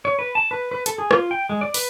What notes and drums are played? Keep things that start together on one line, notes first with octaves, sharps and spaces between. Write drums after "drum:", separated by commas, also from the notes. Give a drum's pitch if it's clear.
C#5
B4
A5
B4
B4
A4, drum: hi-hat
G#4
F4, drum: rim click
G5
G#3
D5
B4, drum: open hi-hat